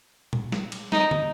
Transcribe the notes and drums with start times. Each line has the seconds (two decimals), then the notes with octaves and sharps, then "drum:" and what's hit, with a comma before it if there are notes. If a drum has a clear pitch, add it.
0.33 drum: tom A#2
0.52 drum: snare
0.72 drum: cymbal
0.92 D#4, drum: snare
1.11 drum: tom